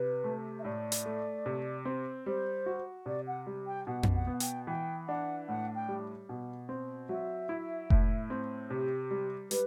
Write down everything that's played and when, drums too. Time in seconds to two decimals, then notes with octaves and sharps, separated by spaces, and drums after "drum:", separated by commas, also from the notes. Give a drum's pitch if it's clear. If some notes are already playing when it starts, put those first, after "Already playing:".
Already playing: C3 B4
0.24 A3
0.59 E5
0.64 A2 D5
0.92 drum: hi-hat
1.05 A3
1.46 C3
1.85 C4
2.26 G3 C5
2.66 F#4
3.06 C3 D5
3.27 F#5
3.47 G3
3.66 G5
3.86 B2 F#5
4.03 drum: tom F2
4.14 F#5
4.27 B3
4.40 G5, drum: hi-hat
4.67 E3 G5
5.08 D4 F#5
5.48 A2 F#5
5.75 G5
5.88 G3
6.29 B2
6.69 C4
7.09 F#3 E5
7.49 E4
7.90 A2, drum: kick F1
8.30 C4
8.70 C3 G4
9.11 G3
9.51 G3 B4, drum: hi-hat